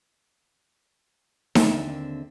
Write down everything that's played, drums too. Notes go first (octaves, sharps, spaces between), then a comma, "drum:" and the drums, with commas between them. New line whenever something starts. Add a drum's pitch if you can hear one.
D#2 D3 C4 E5, drum: snare D#4